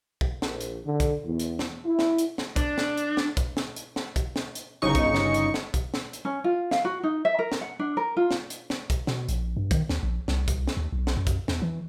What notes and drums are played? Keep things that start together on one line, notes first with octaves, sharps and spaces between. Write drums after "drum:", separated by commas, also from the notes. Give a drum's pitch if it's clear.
drum: kick
A#1, drum: snare
drum: hi-hat
D3
drum: kick, hi-hat
E2
drum: hi-hat
drum: snare
E4
drum: snare
drum: hi-hat
drum: snare
D4, drum: kick, hi-hat
drum: snare
drum: hi-hat
drum: snare
drum: kick, hi-hat
drum: snare
drum: hi-hat
drum: snare
drum: kick, hi-hat
drum: snare
drum: hi-hat
G1 C#3 D#4 C#6
drum: kick, hi-hat
drum: snare
drum: hi-hat
drum: snare
drum: kick, hi-hat
drum: snare
drum: hi-hat
C#4
F4
F5, drum: snare
F#4
D#4
E5
A#4
drum: snare
F#5
D4
A#4
F4
drum: snare
drum: hi-hat
drum: snare
drum: kick, hi-hat
B2, drum: snare
A#1, drum: hi-hat
G2
D#3, drum: kick, hi-hat
D#2, drum: snare
A#1
C2, drum: snare
drum: kick, hi-hat
drum: snare
D#2
B1
drum: snare
F#2
drum: kick, hi-hat
E2, drum: snare
E3